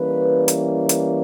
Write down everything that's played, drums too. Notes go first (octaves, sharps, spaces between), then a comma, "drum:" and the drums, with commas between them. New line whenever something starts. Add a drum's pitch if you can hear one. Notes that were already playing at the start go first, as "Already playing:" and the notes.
Already playing: E3 G3 A#3 C#4 B4
drum: hi-hat
drum: hi-hat